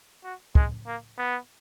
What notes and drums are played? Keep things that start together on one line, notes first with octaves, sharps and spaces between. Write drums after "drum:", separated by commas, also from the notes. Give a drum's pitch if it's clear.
F#4
G#3, drum: kick
A#3
B3